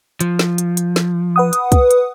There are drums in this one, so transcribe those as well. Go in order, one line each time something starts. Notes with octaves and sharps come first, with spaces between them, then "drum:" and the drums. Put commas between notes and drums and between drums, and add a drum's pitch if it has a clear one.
F3, drum: hi-hat
drum: snare
drum: hi-hat
drum: hi-hat
drum: snare
B4 F#5 D#6
drum: hi-hat
drum: kick, hi-hat
drum: hi-hat